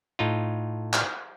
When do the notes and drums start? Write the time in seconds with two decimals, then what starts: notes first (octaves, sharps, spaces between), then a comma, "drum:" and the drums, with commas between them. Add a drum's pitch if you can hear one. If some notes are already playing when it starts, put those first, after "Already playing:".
0.19 A2 D#4 F4
0.93 drum: clap